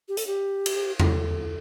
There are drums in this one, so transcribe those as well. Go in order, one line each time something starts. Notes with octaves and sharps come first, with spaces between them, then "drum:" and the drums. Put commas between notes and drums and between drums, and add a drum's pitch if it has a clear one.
G4
A4, drum: hi-hat
G4
drum: cymbal
A4, drum: tom E2